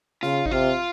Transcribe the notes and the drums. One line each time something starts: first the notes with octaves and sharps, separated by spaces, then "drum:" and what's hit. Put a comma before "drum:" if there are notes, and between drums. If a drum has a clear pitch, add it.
C#3 F4, drum: snare
D#4, drum: kick G#1
C3 F4